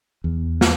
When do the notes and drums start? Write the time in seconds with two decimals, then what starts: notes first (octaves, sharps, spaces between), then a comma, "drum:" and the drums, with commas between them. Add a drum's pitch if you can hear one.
0.24 E2
0.61 drum: snare